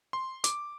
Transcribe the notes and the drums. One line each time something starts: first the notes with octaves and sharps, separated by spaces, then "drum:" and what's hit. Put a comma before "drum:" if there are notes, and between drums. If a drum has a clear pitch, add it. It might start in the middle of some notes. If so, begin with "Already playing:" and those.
C6
D6, drum: hi-hat